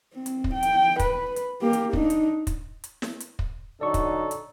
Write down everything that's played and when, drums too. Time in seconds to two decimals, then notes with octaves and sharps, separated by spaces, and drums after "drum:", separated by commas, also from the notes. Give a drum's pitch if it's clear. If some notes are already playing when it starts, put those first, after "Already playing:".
0.14 C4
0.26 drum: hi-hat
0.44 drum: kick
0.54 G5
0.63 drum: hi-hat
0.99 B4, drum: kick, hi-hat
1.36 drum: hi-hat
1.62 A#3 G4
1.73 drum: hi-hat
1.93 D4 D#4, drum: kick
2.10 drum: hi-hat
2.47 drum: kick, hi-hat
2.84 drum: hi-hat
3.02 drum: snare
3.20 drum: hi-hat
3.39 drum: kick
3.81 D3 F#3 D#4 A4 D5 C#6
3.94 drum: kick, hi-hat
4.31 drum: hi-hat